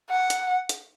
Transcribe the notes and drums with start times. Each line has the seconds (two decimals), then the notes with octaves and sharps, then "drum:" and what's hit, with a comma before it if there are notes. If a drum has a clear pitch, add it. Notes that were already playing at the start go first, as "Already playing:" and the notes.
0.10 F#5
0.30 drum: hi-hat
0.69 drum: hi-hat